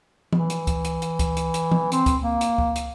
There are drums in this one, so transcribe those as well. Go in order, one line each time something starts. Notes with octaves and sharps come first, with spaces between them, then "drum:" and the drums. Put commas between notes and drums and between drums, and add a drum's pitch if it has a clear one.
E3, drum: tom E3
drum: hi-hat
drum: kick C#2, hi-hat
drum: hi-hat
drum: hi-hat
drum: kick C#2, hi-hat
drum: hi-hat
drum: hi-hat
drum: tom E3
C4, drum: hi-hat
drum: kick C#2, hi-hat
A#3
drum: hi-hat
drum: kick C#2
drum: hi-hat